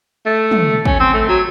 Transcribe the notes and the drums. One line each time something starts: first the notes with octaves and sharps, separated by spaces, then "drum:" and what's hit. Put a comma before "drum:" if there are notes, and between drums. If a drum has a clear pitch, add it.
A3
drum: tom
C#4, drum: kick
C4
A3
F#3